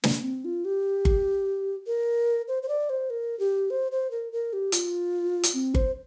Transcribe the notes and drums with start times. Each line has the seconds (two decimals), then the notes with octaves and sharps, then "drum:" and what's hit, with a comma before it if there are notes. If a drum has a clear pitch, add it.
0.04 A#3, drum: snare
0.23 C4
0.45 F4
0.65 G4
1.05 drum: kick G1
1.87 A#4
2.48 C5
2.63 C5
2.68 D5
2.90 C5
3.10 A#4
3.40 G4
3.70 C5
3.92 C5
4.11 A#4
4.32 A#4
4.53 G4
4.72 F4, drum: hi-hat
5.43 drum: hi-hat
5.54 C4
5.75 C5, drum: kick G1